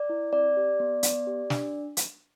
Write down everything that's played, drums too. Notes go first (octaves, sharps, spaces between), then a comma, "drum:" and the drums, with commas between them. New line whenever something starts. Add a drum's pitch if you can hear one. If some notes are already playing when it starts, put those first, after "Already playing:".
Already playing: D5
E4
C4 D5
G4
B3
B3, drum: hi-hat
G4
D4, drum: snare
drum: hi-hat